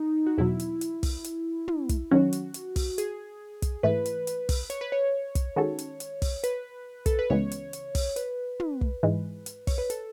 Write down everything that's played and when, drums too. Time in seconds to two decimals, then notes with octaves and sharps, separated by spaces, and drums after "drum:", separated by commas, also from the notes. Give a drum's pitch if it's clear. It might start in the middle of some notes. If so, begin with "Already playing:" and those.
Already playing: D#4
0.27 F#4
0.38 E2 B2 F#3 E4
0.60 drum: hi-hat
0.81 drum: hi-hat
1.03 drum: kick, open hi-hat
1.24 drum: hi-hat
1.68 drum: tom
1.89 drum: kick, hi-hat
2.11 D#3 F#3 C#4 F#4
2.33 drum: hi-hat
2.54 drum: hi-hat
2.76 drum: kick, open hi-hat
2.98 G#4, drum: hi-hat
3.62 drum: kick, hi-hat
3.83 G#2 E3 A3 B4
4.06 drum: hi-hat
4.27 drum: hi-hat
4.49 drum: kick, open hi-hat
4.70 C#5, drum: hi-hat
4.81 B4
4.92 C#5
5.35 drum: kick, hi-hat
5.56 D#3 G#3 C#4 F#4 A4
5.79 drum: hi-hat
6.00 drum: hi-hat
6.22 drum: kick, open hi-hat
6.44 B4, drum: hi-hat
7.06 A4, drum: kick, hi-hat
7.19 B4
7.30 C#2 C#3 E3 G#3 B3 C#5
7.52 drum: hi-hat
7.73 drum: hi-hat
7.95 drum: kick, open hi-hat
8.16 B4, drum: hi-hat
8.60 drum: tom
8.81 drum: kick
9.03 G#2 E3 G#3
9.46 drum: hi-hat
9.67 C#5, drum: kick, open hi-hat
9.78 B4
9.90 A4, drum: hi-hat